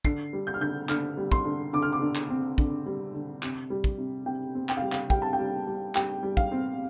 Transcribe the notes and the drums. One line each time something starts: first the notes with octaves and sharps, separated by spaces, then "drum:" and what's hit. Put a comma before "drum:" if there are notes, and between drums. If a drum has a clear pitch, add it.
D3 C7, drum: kick
G3
G6
F6
D3 G6
D3 F6, drum: clap
G3
C6, drum: kick
D3
D3 D6
F6
D6
D3
drum: clap
C4
D3, drum: kick
G3
D3
C3, drum: clap
G3
drum: kick
C3
C3 G5
C4
G5, drum: clap
F5
G3
F5, drum: clap
G3 G5, drum: kick
A5
G5
G3
G3
G3 G5, drum: clap
G3
F5, drum: kick
C4